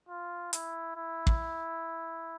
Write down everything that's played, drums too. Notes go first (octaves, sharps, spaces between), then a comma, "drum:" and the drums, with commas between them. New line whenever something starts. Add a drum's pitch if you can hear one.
F4
E4, drum: hi-hat
E4
drum: kick